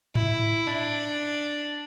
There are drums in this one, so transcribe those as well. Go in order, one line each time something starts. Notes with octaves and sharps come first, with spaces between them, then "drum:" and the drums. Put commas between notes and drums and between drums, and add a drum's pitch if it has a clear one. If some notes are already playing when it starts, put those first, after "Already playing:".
E4, drum: tom G#2
D4